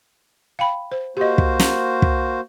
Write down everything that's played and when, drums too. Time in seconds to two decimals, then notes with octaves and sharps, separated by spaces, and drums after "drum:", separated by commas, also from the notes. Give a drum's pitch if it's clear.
0.59 F5 G5 B5
0.92 C5
1.17 A#3 F#4 G4 C5 D#5
1.38 drum: kick
1.59 drum: snare
2.02 drum: kick